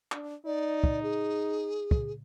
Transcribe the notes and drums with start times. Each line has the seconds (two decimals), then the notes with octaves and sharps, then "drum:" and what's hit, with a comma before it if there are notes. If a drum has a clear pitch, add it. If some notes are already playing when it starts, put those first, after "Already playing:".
0.12 D4, drum: clap
0.46 D#4 D5
0.84 drum: kick
1.03 G#4
1.91 drum: kick